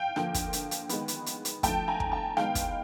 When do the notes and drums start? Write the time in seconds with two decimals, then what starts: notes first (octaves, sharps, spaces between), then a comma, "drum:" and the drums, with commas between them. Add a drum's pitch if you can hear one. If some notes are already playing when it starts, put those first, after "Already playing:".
Already playing: F5 G5
0.16 D3 F3 A#3, drum: rim click
0.34 drum: kick, hi-hat
0.53 drum: hi-hat
0.71 drum: hi-hat
0.89 D#3 G#3 B3, drum: hi-hat
1.08 drum: hi-hat
1.26 drum: hi-hat
1.45 drum: hi-hat
1.63 D3 F3 A3 G5 A5, drum: kick, hi-hat
1.88 G#5 A#5
2.00 drum: kick
2.12 G5 A5
2.37 D#3 G#3 B3 F5 G5, drum: rim click
2.55 drum: kick, hi-hat